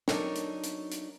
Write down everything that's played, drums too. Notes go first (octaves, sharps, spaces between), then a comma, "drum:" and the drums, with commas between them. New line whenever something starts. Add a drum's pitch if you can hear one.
F#3 D4 D#4 A4 A#4 C#5, drum: snare
drum: hi-hat
drum: hi-hat
drum: hi-hat